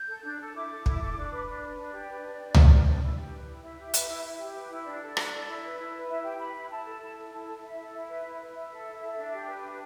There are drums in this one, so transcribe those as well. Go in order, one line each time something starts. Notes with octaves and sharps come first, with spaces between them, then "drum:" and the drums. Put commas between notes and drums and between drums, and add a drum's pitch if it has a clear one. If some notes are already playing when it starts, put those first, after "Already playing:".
Already playing: G6
A4
D4
A4
E4 D6
A4
E4, drum: kick
A4
D4
B4
D4
B4
D4 D5
G4
B4
D4
D4
G4, drum: tom C#2
B4
D4
E4
G4
B4
E4
E4 E5
G4
B4, drum: hi-hat
E4
E4
G4
B4
E4
D4 D5
A4
D4, drum: rim click
A4
E4
B4
E4
B4
E4 E5
G4 G5
B4 B5
E4 B5
E4 A5
A4
E4
A4
E4 A5
A4
E4 E5
A4
E4 E5
B4
E4
B4
E4 E5
A4
E4
A4
D4
G4
B4
D4